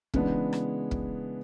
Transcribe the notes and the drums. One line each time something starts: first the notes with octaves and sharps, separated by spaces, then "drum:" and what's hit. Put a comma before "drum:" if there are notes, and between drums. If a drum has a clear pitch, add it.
C#3 E3 G#3 B3 D4, drum: kick
drum: rim click
drum: kick